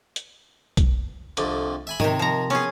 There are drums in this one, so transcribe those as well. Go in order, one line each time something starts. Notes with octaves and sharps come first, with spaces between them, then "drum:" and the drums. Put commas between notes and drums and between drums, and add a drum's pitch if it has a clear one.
drum: hi-hat
drum: kick B1, hi-hat
C2 F2 D3, drum: hi-hat
E5 G#5 B5
C3 D#3 C#5 D#5, drum: tom G#2
F3 A#5
B3 C#4 G#4